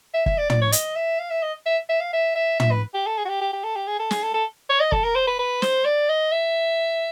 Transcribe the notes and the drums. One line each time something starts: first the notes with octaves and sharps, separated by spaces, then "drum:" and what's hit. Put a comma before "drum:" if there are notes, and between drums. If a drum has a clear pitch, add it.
E5
E5, drum: kick
D5
D5, drum: tom
C#5
D#5, drum: hi-hat
E5
F5
E5
D#5
E5
E5
F5
E5
E5
E5, drum: tom
B4
G4
A4
G#4
F#4
G4
G4
G4
A4
G4
G#4
A4
G#4, drum: snare
A4
A4
C#5
D#5
A4, drum: kick
A#4
C5
B4
B4
C5, drum: snare
D5
D#5
E5